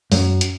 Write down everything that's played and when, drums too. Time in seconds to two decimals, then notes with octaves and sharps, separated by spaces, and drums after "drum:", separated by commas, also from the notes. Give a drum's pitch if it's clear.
0.12 F#2, drum: open hi-hat
0.41 drum: hi-hat